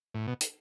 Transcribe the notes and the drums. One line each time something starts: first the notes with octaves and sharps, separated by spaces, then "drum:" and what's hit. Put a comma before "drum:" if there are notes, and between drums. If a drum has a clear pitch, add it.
A2
B2
drum: hi-hat